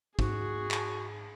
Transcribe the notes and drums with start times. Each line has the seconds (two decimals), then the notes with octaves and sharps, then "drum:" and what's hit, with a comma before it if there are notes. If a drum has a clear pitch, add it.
0.19 G#2 F#4 G#4, drum: kick
0.71 drum: clap